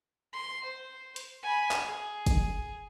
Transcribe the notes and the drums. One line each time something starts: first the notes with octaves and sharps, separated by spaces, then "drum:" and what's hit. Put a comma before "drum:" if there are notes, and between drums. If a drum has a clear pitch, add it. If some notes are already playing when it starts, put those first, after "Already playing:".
C6
C5
drum: hi-hat
G#5 B5
drum: clap
G#4
drum: kick, hi-hat